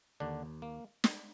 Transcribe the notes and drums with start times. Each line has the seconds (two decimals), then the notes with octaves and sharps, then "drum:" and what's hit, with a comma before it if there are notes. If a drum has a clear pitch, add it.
0.20 D#2 D3 D4
0.62 A#3
1.04 drum: snare